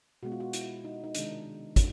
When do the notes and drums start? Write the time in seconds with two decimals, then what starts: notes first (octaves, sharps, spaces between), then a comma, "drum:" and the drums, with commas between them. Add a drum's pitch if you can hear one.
0.23 B2 G#3 B3 F#4
0.32 F4
0.40 F#4
0.53 E4, drum: hi-hat
0.84 D#4
1.04 D#4
1.15 C3 D#3 G#3 D4, drum: hi-hat
1.76 drum: kick, hi-hat